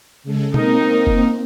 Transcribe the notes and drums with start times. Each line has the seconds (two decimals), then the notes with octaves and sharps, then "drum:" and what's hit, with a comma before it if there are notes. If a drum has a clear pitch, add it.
0.24 C#3 G#3 A4
0.54 A#3 C4 D#4 A#4, drum: tom B2
1.07 drum: kick F#1